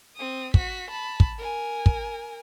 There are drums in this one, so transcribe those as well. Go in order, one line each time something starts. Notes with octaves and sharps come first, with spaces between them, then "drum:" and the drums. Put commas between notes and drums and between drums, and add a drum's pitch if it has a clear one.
C4 D#6
F#4 B6, drum: kick
A5 B5
drum: kick
A#4 G#5
drum: kick